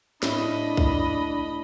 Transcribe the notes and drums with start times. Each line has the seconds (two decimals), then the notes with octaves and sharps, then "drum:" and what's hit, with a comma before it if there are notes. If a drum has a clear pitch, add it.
0.23 A2 D4 D#5 B5, drum: snare C4
0.77 drum: kick B1